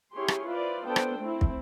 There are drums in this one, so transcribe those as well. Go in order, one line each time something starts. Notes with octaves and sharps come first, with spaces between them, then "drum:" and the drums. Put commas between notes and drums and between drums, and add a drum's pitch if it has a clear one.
C#4 E4 G4 G#4 C#5 C6
drum: rim click
E4 F4 B4 C5 D5
B3 D4 A4 C5 G5
drum: rim click
A3 C4 E4
drum: kick